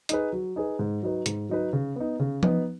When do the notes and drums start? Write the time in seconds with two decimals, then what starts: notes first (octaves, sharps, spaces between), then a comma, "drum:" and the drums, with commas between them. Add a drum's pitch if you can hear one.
0.09 D#4 G#4 B4, drum: hi-hat
0.33 F#3
0.56 D#4 G#4 B4
0.79 G#2
1.03 F#3 D#4 B4
1.26 G#2, drum: hi-hat
1.49 F#3 D#4 B4
1.73 C#3
1.96 B3 D#4
2.19 C#3
2.43 B3 D#4, drum: tom F3